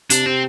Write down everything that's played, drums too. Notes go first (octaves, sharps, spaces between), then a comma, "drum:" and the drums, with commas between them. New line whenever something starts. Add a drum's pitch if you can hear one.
C3 D4, drum: hi-hat
C3 C4